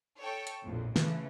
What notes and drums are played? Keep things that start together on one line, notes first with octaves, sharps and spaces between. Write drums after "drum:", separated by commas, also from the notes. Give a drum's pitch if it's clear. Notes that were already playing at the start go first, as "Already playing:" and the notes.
A4 C#5 G5
drum: hi-hat
A#1 F2 A2
C#3 E3 A3, drum: snare